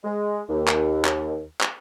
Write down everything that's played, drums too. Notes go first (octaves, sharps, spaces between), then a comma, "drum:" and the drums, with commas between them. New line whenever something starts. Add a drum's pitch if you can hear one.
G#3
D#2
drum: clap
drum: clap
drum: clap